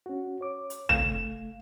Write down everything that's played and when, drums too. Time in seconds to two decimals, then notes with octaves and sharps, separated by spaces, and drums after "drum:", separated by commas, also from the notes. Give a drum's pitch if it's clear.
0.06 C#4 F#4
0.41 C#5 D6
0.70 drum: hi-hat
0.89 A3 F5 E7, drum: tom